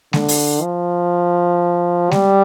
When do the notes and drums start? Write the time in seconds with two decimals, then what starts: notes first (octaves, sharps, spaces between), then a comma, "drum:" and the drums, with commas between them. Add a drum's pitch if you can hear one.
0.13 D3, drum: snare G#3
0.28 drum: open hi-hat
0.62 F3
2.11 G3, drum: snare G#3